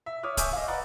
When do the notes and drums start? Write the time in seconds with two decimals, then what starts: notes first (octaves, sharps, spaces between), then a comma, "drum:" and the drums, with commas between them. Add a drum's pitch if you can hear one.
0.06 E5
0.23 C#5 D6 D#6 F6
0.37 E5 G#5 C#6 D6 E6 G6, drum: kick C#1, hi-hat
0.53 D#5 F5
0.68 B4 D5 D#5 F#5 A#5